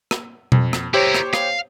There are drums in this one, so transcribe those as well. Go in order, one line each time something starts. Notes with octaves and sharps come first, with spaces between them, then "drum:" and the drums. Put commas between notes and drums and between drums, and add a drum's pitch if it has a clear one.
drum: rim click
F2, drum: tom B2
drum: rim click
E4 G4 A#4 C5 C#5
drum: rim click
F5, drum: rim click